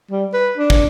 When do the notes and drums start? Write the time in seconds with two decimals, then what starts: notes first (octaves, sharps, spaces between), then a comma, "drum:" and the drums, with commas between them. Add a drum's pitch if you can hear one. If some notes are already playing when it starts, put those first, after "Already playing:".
0.11 G3
0.33 B4
0.58 D4
0.70 drum: kick